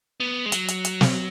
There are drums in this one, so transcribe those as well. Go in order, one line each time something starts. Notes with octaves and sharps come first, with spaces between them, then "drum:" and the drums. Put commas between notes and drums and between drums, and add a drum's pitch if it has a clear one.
B3
G#3
F#3, drum: hi-hat
drum: hi-hat
drum: hi-hat
drum: snare